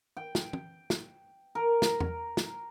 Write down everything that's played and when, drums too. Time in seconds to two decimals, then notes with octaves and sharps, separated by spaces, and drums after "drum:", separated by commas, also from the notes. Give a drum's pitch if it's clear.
0.17 G5
0.35 drum: snare
0.53 drum: tom
0.90 drum: snare
1.55 A#4
1.82 drum: snare
2.00 drum: tom E2
2.37 drum: snare